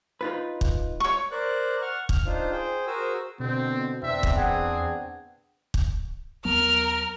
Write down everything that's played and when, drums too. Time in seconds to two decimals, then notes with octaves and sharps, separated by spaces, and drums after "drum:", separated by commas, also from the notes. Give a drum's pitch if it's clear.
0.21 D#4 F4 B4
0.61 drum: kick
1.00 C#5 C#6
1.31 A#4 C5 D5 F#6
1.82 F#5 C#6 F6
2.09 F6, drum: kick
2.26 D4 D#4 F4 C5
2.52 G#4 C5 G5
2.87 F#4 G#4 A#4 C5 G#5 E6
3.40 B2 D3 C4
4.03 E2 B3 C4 D4 E5
4.23 drum: kick
4.37 G#4 F#5 G5
5.74 drum: kick
6.45 D#2 F#3 B3 A#4 F6